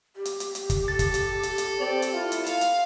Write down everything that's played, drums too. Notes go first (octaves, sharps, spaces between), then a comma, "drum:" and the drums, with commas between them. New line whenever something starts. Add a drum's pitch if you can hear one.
G4
drum: hi-hat
drum: hi-hat
drum: hi-hat
drum: kick, hi-hat
A4 A6
drum: kick, hi-hat
drum: hi-hat
drum: hi-hat
drum: hi-hat
C4 D5
drum: hi-hat
E4 F4
drum: hi-hat
F5, drum: hi-hat
drum: hi-hat